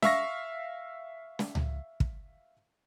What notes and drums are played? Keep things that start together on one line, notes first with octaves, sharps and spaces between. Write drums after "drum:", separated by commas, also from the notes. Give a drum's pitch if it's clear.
E5 F5 C#6 A#6, drum: snare
drum: snare
drum: tom C#2
drum: kick